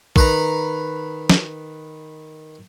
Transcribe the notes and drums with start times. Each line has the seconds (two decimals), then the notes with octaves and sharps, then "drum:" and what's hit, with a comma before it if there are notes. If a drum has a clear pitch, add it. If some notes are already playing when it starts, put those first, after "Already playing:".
0.16 D#3 B4 A#5, drum: kick
1.30 drum: snare